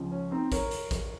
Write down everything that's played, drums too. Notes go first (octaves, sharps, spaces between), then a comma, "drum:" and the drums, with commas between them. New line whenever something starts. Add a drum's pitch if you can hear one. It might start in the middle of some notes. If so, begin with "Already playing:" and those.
Already playing: C#2 C#3 F3
C#4
C4 D#4
A#4 C#5, drum: kick, hi-hat
drum: hi-hat
drum: kick, hi-hat